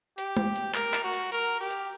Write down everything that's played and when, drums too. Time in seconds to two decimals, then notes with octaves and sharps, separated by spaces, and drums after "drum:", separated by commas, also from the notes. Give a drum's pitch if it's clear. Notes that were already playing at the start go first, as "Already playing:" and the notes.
0.18 G4, drum: hi-hat
0.37 drum: tom G#3
0.56 drum: hi-hat
0.75 A#4, drum: clap
0.94 drum: clap
1.04 F#4
1.13 drum: hi-hat
1.32 A#4, drum: hi-hat
1.60 G4
1.70 drum: hi-hat